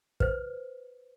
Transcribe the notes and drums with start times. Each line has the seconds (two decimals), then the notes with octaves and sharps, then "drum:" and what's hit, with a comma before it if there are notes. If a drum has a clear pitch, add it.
0.20 B4 C5, drum: kick